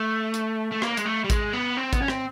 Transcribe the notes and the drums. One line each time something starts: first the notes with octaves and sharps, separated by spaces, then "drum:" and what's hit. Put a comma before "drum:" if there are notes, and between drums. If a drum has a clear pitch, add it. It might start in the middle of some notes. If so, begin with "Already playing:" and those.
Already playing: A3
drum: hi-hat
A3
A#3, drum: rim click
G#3, drum: hi-hat
A3
G3
G#3, drum: kick A1, hi-hat
B3
C4
B3, drum: kick A1, hi-hat
C#4
C4, drum: rim click